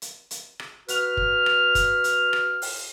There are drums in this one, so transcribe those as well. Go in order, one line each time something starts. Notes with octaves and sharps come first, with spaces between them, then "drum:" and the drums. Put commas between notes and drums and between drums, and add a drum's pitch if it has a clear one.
drum: hi-hat
drum: hi-hat
drum: rim click
F#4 B4 F6, drum: hi-hat
drum: kick
drum: rim click
drum: kick, hi-hat
drum: hi-hat
drum: rim click
drum: open hi-hat